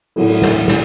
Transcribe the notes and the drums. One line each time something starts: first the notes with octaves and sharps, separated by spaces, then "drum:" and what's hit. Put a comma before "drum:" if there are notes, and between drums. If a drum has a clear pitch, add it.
A2 F#3 A3 E4, drum: cymbal
drum: snare
drum: snare